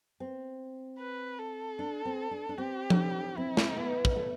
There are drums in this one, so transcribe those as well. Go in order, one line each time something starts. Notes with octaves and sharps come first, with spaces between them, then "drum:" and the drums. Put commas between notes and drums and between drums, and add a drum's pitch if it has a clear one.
C4
B4
A4
D4
C4
D4
D4
C4 G4
drum: tom F3
C4 E4
drum: snare
B3
drum: kick
A3